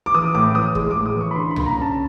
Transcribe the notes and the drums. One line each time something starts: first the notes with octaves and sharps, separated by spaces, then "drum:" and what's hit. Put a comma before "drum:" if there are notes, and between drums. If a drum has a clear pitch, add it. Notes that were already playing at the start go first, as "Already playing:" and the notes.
D6
E3 D#6
A2 D6
E3 D#6
G#3, drum: kick
D6
A2
D#6
E3 C#6
B5
D3 C6
B5
A#3, drum: tom C2
A#5
C#4
A5